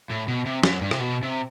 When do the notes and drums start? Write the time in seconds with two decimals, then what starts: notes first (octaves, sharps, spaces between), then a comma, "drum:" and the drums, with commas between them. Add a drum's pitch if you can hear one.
0.10 A2
0.28 B2
0.46 C3
0.63 F#2, drum: snare
0.81 G2
0.91 C3, drum: rim click
1.00 B2
1.23 C3